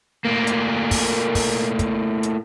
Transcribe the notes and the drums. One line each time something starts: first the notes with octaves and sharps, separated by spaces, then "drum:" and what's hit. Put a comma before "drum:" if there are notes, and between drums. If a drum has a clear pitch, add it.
A2 A#3
drum: hi-hat
drum: kick, open hi-hat
drum: kick, open hi-hat
drum: kick, hi-hat
drum: hi-hat